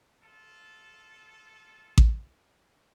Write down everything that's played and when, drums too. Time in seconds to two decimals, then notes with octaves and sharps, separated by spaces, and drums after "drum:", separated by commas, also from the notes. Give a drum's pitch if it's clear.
0.22 F4 A4
1.98 drum: kick A1